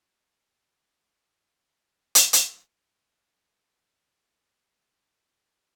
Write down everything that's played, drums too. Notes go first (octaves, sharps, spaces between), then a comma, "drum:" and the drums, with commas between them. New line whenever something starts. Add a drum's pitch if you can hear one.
D#5 G5 C#6 E6 A6
drum: hi-hat
drum: hi-hat
C#4
F#3
F#3
E4
A5
G5
A#4
E4
E5
F4